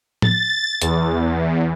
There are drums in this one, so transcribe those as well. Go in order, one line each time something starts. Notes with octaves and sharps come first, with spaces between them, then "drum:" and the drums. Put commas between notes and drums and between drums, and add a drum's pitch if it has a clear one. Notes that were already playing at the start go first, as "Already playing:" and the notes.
A6, drum: tom A2
E2, drum: hi-hat